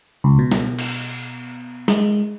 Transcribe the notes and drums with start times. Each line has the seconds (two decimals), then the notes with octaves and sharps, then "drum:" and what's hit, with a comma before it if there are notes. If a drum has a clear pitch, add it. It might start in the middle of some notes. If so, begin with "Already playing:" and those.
0.24 C#2
0.39 B2
0.51 drum: snare
0.79 drum: cymbal
1.88 G#3, drum: snare